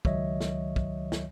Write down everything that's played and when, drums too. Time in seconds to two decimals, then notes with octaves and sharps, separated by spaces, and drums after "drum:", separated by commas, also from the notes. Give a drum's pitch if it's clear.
0.05 C#2 D#3 F#3 C#5 D#5 E5, drum: kick
0.41 drum: snare
0.76 drum: kick
1.12 drum: snare